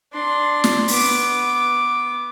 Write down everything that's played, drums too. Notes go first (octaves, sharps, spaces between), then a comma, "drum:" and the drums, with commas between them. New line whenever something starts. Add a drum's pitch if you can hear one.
D4 C6
drum: snare
B3 D6, drum: open hi-hat